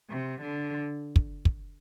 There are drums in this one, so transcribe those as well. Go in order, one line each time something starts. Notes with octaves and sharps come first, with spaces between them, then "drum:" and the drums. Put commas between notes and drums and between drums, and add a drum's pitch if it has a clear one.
C3
D3
drum: kick
drum: kick